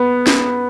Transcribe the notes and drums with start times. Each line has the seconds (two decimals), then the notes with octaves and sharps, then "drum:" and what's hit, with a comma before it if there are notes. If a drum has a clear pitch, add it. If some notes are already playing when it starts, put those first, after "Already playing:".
Already playing: B3
0.27 drum: snare